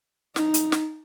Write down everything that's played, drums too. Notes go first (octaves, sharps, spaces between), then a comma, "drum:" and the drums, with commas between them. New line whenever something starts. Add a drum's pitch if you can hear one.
D#4, drum: snare
drum: hi-hat
drum: snare